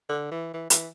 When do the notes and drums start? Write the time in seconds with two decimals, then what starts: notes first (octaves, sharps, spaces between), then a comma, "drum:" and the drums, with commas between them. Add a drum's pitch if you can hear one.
0.10 D3
0.31 E3
0.54 E3
0.70 E3, drum: hi-hat